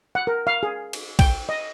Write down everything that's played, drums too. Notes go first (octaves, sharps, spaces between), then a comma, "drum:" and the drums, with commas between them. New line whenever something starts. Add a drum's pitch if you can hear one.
F#5
A#4
F5
G#4
drum: cymbal
G5, drum: kick, cymbal
D#5